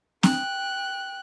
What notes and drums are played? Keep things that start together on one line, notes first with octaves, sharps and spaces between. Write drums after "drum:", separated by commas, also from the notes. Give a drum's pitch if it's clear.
G5 F#6, drum: snare C4